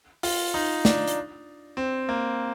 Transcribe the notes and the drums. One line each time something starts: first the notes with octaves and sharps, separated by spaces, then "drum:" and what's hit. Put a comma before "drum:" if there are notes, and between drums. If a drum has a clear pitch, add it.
F4, drum: open hi-hat
D#4
D4, drum: snare
drum: hi-hat
C4
A#3